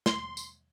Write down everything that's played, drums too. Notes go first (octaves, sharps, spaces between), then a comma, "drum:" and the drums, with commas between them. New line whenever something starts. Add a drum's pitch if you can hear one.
C6, drum: snare
drum: tambourine